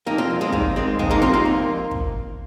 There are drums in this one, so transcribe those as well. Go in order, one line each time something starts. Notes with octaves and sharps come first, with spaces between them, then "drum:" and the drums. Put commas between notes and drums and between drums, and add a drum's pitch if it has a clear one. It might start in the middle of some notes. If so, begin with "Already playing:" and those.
F2 A#3 D#4
C4 F4
F2
G#3 C4
D#3 A#3, drum: kick
D#3 G#3 C4
F2 G#3 C4, drum: kick
A#3 D#4
C3 C4 F4
A#3 D#4
F2
drum: kick